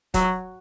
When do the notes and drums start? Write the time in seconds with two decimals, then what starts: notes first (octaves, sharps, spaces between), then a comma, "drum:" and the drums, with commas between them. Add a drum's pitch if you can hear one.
0.14 F#3, drum: kick, hi-hat